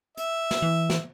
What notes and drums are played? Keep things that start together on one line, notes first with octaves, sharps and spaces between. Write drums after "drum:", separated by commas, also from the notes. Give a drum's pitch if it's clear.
E5, drum: hi-hat
drum: snare
E3
drum: snare